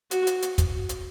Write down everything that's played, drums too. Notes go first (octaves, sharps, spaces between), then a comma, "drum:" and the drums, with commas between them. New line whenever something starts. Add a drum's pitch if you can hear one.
F#4, drum: hi-hat
drum: hi-hat
drum: hi-hat
drum: kick, hi-hat
drum: hi-hat